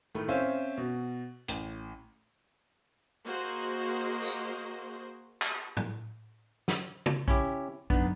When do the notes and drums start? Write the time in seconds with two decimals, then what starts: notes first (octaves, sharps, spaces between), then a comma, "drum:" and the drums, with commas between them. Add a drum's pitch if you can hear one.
0.15 A2 D#3 A3
0.28 C4 C#4 C5 E5 F5
0.77 B2
1.48 A1, drum: hi-hat
3.26 A#3 F#4 G#4 C5 D#5
4.22 drum: tambourine
5.42 drum: clap
5.77 drum: tom A2
6.68 drum: snare
7.06 drum: tom
7.28 C#4 E4 G4, drum: kick A#1
7.90 F#2 D3 B3 D4 D#4, drum: kick A#1